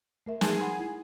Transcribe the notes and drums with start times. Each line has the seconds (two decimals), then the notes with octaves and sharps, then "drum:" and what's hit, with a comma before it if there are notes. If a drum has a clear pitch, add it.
0.26 A3 A#4 E5
0.41 D#4 G#4, drum: snare
0.60 F#5 B5 C6
0.79 E4